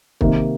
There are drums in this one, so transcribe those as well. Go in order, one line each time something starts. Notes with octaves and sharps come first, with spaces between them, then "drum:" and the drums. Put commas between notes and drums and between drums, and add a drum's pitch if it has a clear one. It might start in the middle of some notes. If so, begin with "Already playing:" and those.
C3 D#3 A#3, drum: kick